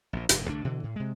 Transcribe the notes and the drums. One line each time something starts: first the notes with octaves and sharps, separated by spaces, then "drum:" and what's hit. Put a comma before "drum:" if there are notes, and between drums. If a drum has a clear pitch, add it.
A#1 A#2
F1 G2 A#2, drum: hi-hat
C2 D3 A3 D4
B2 D3 E3
A2
C3 G#3